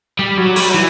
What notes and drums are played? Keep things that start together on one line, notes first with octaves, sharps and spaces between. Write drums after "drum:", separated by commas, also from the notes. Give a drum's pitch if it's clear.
G3
F#3
G3, drum: open hi-hat
F#3
E3